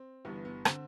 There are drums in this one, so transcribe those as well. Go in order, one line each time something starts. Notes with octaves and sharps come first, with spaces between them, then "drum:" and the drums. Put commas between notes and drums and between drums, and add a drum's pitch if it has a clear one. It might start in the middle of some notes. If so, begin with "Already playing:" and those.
Already playing: C4
G1 G2 E3 B3
B3
D3 C4, drum: rim click